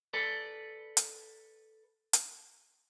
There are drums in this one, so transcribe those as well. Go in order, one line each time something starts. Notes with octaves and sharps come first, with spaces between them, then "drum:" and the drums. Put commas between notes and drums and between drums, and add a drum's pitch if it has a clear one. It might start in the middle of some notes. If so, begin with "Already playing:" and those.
A4 B4 D5
drum: hi-hat
drum: hi-hat